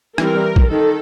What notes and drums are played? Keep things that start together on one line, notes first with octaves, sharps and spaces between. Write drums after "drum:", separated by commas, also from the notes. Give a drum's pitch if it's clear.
E3 G3 C4 A#4, drum: rim click
drum: kick
D#3 A4